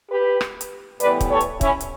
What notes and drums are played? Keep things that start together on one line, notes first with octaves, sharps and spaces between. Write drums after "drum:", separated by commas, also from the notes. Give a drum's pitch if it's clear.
G4 B4
drum: rim click
drum: hi-hat
A2 E3 G3 B3 B4 D5, drum: hi-hat
drum: kick, hi-hat
A4 C#5
drum: hi-hat
C#4 E4, drum: kick, hi-hat
drum: hi-hat